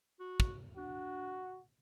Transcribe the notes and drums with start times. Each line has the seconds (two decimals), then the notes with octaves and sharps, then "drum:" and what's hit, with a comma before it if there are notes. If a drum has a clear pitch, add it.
0.20 F#4
0.40 drum: kick
0.77 D4 F#4